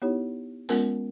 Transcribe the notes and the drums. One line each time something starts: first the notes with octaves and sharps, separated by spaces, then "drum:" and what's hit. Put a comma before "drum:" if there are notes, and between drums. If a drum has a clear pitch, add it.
B3 D#4 E4 G4 C#5
G#3 B3 C#4 F4 A#4 G#5, drum: hi-hat